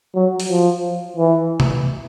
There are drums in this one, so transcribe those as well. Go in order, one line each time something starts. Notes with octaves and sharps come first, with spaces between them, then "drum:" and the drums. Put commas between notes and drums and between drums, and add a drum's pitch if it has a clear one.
F#3
drum: open hi-hat
F3
E3
drum: tom C3